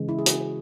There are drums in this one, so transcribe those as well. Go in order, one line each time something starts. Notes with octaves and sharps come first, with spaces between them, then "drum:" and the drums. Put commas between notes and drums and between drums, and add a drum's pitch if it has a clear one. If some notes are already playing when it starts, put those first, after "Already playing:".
Already playing: C#3 E3 G#3
E4
G#4
F#4, drum: hi-hat